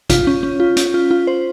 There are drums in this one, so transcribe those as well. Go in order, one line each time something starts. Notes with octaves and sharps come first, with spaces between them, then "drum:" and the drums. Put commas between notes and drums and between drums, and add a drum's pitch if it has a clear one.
F4, drum: kick, hi-hat
C#4
C#4
F4
C#4, drum: hi-hat
F4
F4
C5